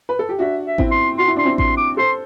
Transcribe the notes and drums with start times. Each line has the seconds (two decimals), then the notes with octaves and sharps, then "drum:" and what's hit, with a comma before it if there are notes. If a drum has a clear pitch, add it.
0.09 B4
0.19 A4
0.29 G4
0.39 D4 F#4 E5
0.66 E5
0.78 C4 E4, drum: kick A1
0.91 C6
1.18 F#4 C6
1.28 E4
1.36 D4 C6
1.45 C4 E4
1.58 C6, drum: kick A1
1.77 D6
1.97 A4 C5 C6